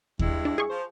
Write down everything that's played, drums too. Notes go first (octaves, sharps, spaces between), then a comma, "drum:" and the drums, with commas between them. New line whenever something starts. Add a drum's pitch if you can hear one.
G2 G#3 E4, drum: kick D#2
D4
G#4 C#6
F3 C5